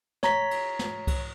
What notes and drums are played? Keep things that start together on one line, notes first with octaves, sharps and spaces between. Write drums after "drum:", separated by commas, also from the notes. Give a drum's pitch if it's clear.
C#5 A#5 B6, drum: snare
drum: cymbal
drum: snare
drum: kick C2, cymbal